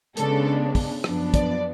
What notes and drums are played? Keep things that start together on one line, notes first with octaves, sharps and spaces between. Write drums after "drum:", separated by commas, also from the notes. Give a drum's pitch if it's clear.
C#3 G#3 B3 D4 A4, drum: hi-hat
drum: kick, open hi-hat
F#2 F3 B3 D4, drum: rim click
D5, drum: kick, hi-hat